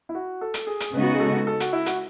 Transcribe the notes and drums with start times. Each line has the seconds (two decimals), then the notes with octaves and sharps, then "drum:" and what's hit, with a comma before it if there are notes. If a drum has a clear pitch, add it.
0.09 E4
0.15 F#4
0.41 A4
0.54 drum: hi-hat
0.67 G#4
0.80 drum: hi-hat
0.93 C#3 G#3 B3 D#4 F#4 B4
1.14 G#4
1.20 A4
1.47 A4
1.60 F#4, drum: hi-hat
1.73 E4
1.86 F#4, drum: hi-hat